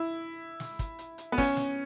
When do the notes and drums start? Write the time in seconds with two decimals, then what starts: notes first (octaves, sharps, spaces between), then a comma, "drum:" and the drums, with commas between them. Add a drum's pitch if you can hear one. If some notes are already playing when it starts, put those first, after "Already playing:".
Already playing: E4
0.60 drum: snare
0.79 drum: kick, hi-hat
0.99 drum: hi-hat
1.18 drum: hi-hat
1.32 B3
1.38 C#4, drum: kick, open hi-hat
1.57 drum: snare